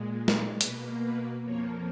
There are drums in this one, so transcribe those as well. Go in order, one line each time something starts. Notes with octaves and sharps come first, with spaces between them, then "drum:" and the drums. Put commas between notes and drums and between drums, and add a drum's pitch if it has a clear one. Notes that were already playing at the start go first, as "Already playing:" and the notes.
Already playing: A#2 G#3
drum: snare
B2 A#3 B4, drum: hi-hat
B4
F2 F3 A#3 C#5